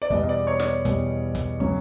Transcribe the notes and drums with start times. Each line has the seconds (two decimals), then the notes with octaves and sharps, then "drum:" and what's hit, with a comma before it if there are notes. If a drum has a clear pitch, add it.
0.02 D5
0.10 E2 B2 G3 D#5, drum: kick
0.23 D#5
0.29 D5
0.47 C#5
0.60 D5, drum: snare
0.66 C#5
0.85 E2 B2 G3, drum: kick, hi-hat
1.35 drum: kick, hi-hat
1.60 C#3 F#3 C#5, drum: kick